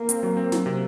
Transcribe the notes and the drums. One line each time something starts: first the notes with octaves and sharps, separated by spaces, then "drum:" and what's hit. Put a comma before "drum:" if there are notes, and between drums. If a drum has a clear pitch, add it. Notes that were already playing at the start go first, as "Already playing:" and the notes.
Already playing: A#3
C4, drum: hi-hat
F#3
C4
F#3, drum: snare
C3